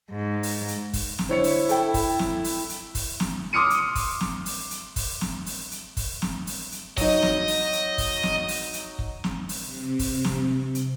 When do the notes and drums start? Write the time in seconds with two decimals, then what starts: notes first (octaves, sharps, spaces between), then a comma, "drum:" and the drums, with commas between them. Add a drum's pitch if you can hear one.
0.10 G#2
0.43 drum: open hi-hat
0.68 drum: hi-hat
0.93 drum: kick, open hi-hat
1.19 drum: snare
1.29 D3 E4 C5 C#5 C#7
1.44 drum: open hi-hat
1.69 A4 G5 B5, drum: hi-hat
1.94 drum: kick, open hi-hat
2.19 drum: snare
2.44 drum: open hi-hat
2.70 drum: hi-hat
2.95 drum: kick, open hi-hat
3.20 drum: snare
3.53 C6 D6 D#6 F6 C#7 D#7
3.70 drum: hi-hat
3.95 drum: kick, open hi-hat
4.21 drum: snare
4.46 drum: open hi-hat
4.71 drum: hi-hat
4.96 drum: kick, open hi-hat
5.21 drum: snare
5.46 drum: open hi-hat
5.72 drum: hi-hat
5.97 drum: kick, open hi-hat
6.22 drum: snare
6.47 drum: open hi-hat
6.72 drum: hi-hat
6.97 F#3 D#4 D#5, drum: kick, open hi-hat
7.22 drum: snare
7.48 drum: open hi-hat
7.73 drum: hi-hat
7.98 drum: kick, open hi-hat
8.23 drum: snare
8.48 drum: open hi-hat
8.73 drum: hi-hat
8.99 drum: kick
9.24 drum: snare
9.49 drum: open hi-hat
9.66 C3
9.99 drum: kick, open hi-hat
10.24 drum: snare
10.75 drum: hi-hat